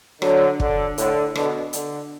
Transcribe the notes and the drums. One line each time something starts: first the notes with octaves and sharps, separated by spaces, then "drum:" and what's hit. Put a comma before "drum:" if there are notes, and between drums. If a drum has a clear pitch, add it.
D3 F#3, drum: rim click
D3, drum: kick
A2 D3, drum: hi-hat
B2 D3, drum: rim click
D3, drum: hi-hat